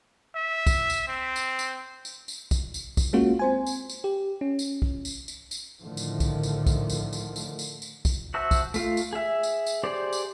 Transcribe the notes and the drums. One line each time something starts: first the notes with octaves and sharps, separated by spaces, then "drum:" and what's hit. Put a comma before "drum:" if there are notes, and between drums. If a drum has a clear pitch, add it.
E5
drum: kick, tambourine
drum: tambourine
C4
drum: tambourine
drum: tambourine
drum: tambourine
drum: tambourine
drum: kick, tambourine
drum: tambourine
drum: kick, tambourine
G#3 A#3 C#4 F4 F#4
C4 C5 G#5
drum: tambourine
drum: tambourine
G4
C#4
drum: tambourine
drum: kick
drum: tambourine
drum: tambourine
drum: tambourine
A2 D3 D#3 F3 A3
drum: tambourine
drum: kick, tambourine
drum: tambourine
drum: kick, tambourine
drum: tambourine
drum: tambourine
drum: tambourine
drum: tambourine
drum: tambourine
drum: kick, tambourine
F#4 C5 E5 A5 E6
drum: kick, tambourine
A3 F4 F5, drum: tambourine
drum: tambourine
G#4 E5
drum: tambourine
drum: tambourine
G4 G#4 C5 D5
drum: tambourine